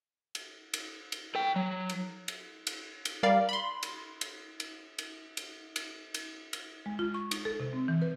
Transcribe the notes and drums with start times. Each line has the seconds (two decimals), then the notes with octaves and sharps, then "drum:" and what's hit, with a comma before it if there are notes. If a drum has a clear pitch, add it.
0.35 drum: cymbal
0.74 drum: cymbal
1.12 drum: cymbal
1.35 A4 G5
1.56 F#3
1.89 drum: cymbal
2.28 drum: cymbal
2.67 drum: cymbal
3.05 drum: cymbal
3.23 G3 A#4 D5 F5
3.49 B5 C6
3.83 drum: cymbal
4.21 drum: cymbal
4.60 drum: cymbal
4.98 drum: cymbal
5.37 drum: cymbal
5.76 drum: cymbal
6.14 drum: cymbal
6.53 drum: cymbal
6.86 G#3
6.99 F4
7.14 C#6
7.31 D#4, drum: cymbal
7.45 A4
7.60 C3
7.73 C4
7.88 E3
8.02 B4